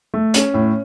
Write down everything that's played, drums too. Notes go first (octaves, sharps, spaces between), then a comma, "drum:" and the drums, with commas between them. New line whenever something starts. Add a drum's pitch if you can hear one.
A3
C#4, drum: hi-hat
A2